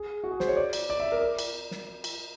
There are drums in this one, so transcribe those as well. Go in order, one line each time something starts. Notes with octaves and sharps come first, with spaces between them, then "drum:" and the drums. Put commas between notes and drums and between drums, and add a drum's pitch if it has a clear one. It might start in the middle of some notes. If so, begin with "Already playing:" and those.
Already playing: G#4
F#4
G#4
C5, drum: snare
C#5
D5
drum: cymbal
D5
E5
A#4
D5
drum: cymbal
drum: snare
drum: cymbal